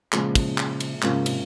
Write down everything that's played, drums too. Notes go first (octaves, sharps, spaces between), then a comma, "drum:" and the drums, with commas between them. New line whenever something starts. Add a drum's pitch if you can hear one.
A#2 C#3 F3 G#3, drum: clap
drum: kick, cymbal
drum: clap
drum: cymbal
G#2 C3 F3 A#3 C#4 F4, drum: clap
C#3
C3, drum: cymbal